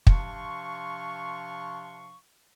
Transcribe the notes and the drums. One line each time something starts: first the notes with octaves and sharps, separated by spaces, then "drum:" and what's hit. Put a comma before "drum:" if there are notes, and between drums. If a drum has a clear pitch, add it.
C3 F3 D4 F5 C6 C#6, drum: kick